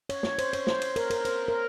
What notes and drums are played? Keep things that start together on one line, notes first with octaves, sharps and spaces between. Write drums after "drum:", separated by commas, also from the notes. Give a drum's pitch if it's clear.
C#5, drum: cymbal
C#5, drum: snare
C5, drum: cymbal
C#5, drum: cymbal
C5, drum: snare
drum: cymbal
A#4, drum: cymbal
A#4, drum: cymbal
C5, drum: cymbal
A#4